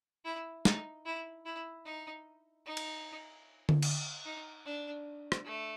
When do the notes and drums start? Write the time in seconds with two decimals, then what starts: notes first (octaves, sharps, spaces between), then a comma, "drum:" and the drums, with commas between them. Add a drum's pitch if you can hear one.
0.25 E4
0.65 D#4, drum: snare
1.05 E4
1.46 E4
1.85 D#4
2.66 D#4
2.77 drum: cymbal
3.69 drum: tom D3
3.82 drum: cymbal
4.26 D#4
4.65 D4
5.32 drum: rim click
5.45 A3